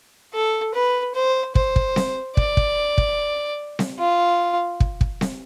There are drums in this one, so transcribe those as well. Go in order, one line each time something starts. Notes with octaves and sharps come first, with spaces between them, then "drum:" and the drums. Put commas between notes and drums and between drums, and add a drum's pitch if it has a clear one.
A4
B4
C5
C5, drum: kick
drum: kick
drum: snare C4
D5, drum: kick
drum: kick
drum: kick
drum: snare C4
F4
drum: kick
drum: kick
drum: snare C4